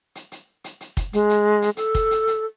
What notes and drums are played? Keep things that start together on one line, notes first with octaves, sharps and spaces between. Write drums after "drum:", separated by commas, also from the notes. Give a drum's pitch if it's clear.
drum: hi-hat
drum: hi-hat
drum: hi-hat
drum: hi-hat
drum: kick, hi-hat
G#3, drum: hi-hat
drum: hi-hat
drum: hi-hat
A4, drum: hi-hat
drum: kick, hi-hat
drum: hi-hat
drum: hi-hat